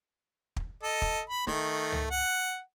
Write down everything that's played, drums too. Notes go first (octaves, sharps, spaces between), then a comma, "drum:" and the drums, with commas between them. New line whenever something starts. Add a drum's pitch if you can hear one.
drum: kick
A4 D#5
drum: kick
B5
D#3 A3, drum: snare
drum: tom C#2
F#5